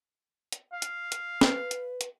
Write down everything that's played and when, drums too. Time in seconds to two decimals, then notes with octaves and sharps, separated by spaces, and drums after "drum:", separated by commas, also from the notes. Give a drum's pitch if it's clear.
0.52 drum: hi-hat
0.73 F5
0.82 drum: hi-hat
1.12 drum: hi-hat
1.41 B4, drum: snare
1.71 drum: hi-hat
2.01 drum: hi-hat